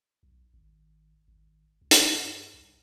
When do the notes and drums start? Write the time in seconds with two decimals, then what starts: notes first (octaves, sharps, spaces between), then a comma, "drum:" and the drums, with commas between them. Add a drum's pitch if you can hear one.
0.23 B1
0.54 G#1
1.28 G#1
1.81 C#2
1.91 drum: hi-hat
2.14 G2
2.54 C2